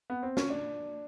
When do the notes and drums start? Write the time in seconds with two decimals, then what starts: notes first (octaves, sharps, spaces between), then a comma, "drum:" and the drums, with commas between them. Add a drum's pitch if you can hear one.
0.10 B3
0.23 C4
0.37 C#4, drum: snare
0.50 D4